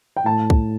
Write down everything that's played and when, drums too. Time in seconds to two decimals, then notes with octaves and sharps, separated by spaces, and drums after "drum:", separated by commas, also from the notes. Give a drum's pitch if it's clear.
0.17 G5
0.25 A2 A5
0.50 drum: kick C2